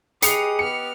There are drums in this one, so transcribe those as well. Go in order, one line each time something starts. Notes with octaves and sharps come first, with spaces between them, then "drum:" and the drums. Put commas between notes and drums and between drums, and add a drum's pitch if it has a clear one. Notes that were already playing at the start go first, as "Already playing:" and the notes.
G4 G#4 B4 D#5 D#6 C7 C#7 F7, drum: hi-hat
B3 F6 C#7